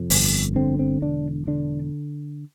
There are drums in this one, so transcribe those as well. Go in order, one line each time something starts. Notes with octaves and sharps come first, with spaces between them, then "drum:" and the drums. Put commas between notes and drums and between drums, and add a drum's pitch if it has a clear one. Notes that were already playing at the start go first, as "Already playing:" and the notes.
Already playing: F2 C3
G1, drum: open hi-hat
D3 C4
C4
E1 D4
D3 D4